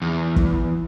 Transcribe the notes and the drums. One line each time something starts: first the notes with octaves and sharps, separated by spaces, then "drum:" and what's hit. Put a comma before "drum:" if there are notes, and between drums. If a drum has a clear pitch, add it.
E2
drum: kick